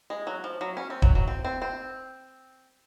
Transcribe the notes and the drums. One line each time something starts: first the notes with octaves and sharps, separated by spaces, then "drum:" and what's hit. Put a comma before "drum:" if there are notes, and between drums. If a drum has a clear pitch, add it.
G#3
F#3
F3
F#3
C#4
C4
F#3, drum: kick D#1
F#3
C4
C4
C4